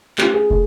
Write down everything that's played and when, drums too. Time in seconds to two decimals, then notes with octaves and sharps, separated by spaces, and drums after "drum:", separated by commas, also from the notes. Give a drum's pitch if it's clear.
0.18 A3 C#4 F4 G4, drum: clap
0.34 G#4
0.50 A3, drum: kick